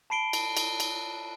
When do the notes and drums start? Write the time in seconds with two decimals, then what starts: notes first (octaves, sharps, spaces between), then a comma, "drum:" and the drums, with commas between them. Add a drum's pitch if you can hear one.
0.10 A5 B5 C7 D7 G7
0.33 drum: cymbal
0.57 drum: cymbal
0.80 drum: cymbal